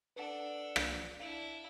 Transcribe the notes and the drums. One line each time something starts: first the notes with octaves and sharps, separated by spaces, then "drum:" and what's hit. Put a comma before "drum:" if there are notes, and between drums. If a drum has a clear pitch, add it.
D4 A4 B4 F#5
drum: rim click
D4 E4 F5